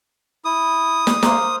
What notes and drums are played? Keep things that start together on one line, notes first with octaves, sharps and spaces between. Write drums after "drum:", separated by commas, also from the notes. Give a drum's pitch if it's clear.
E4 D#6
drum: snare
A#3 C5 F5, drum: snare